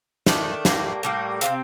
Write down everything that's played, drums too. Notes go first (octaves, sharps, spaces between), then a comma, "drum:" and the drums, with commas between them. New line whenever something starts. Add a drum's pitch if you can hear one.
D#3 A3 D4, drum: snare
A2 G3 A#3, drum: snare
A2 G3 A#3
C3 G3 C4 F5, drum: hi-hat